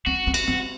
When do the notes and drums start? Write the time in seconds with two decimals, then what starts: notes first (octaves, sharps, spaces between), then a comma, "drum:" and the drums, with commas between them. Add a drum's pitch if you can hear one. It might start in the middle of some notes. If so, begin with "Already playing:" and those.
0.06 C4 F#4
0.27 C4
0.34 F#4, drum: cymbal
0.48 C4